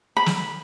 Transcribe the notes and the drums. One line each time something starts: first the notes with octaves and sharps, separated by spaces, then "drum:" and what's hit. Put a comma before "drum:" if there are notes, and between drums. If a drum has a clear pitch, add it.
B5
drum: snare